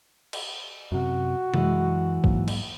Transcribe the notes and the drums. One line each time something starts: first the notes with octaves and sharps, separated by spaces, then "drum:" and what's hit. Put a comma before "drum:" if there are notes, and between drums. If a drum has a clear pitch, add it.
drum: cymbal
F#2 C3 F#4
F#2 E3 G#3, drum: tom C3
G#2 F#3 A#3, drum: kick
drum: cymbal